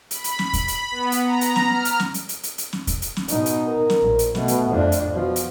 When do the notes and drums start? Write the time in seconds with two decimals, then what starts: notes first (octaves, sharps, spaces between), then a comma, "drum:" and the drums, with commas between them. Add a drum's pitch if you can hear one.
0.11 B5, drum: hi-hat
0.24 drum: hi-hat
0.39 drum: snare
0.53 B5, drum: kick, hi-hat
0.68 drum: hi-hat
0.91 B3
1.12 drum: hi-hat
1.23 A#5
1.41 drum: hi-hat
1.56 drum: snare
1.66 F6
1.85 drum: hi-hat
2.00 drum: snare
2.14 drum: hi-hat
2.29 drum: hi-hat
2.43 drum: hi-hat
2.58 drum: hi-hat
2.73 drum: snare
2.87 drum: kick, hi-hat
3.02 drum: hi-hat
3.16 drum: snare
3.28 B2 D#4, drum: hi-hat
3.46 drum: hi-hat
3.67 A#4
3.90 drum: snare
4.00 A#1
4.19 drum: hi-hat
4.35 B2 A3, drum: snare
4.48 drum: hi-hat
4.70 F2 D4
4.92 drum: hi-hat
5.14 B2 F3
5.36 drum: hi-hat